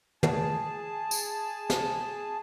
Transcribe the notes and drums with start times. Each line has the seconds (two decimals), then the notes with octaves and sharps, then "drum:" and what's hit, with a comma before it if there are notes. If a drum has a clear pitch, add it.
0.23 G#4 A5, drum: tom
1.11 drum: tambourine
1.70 drum: snare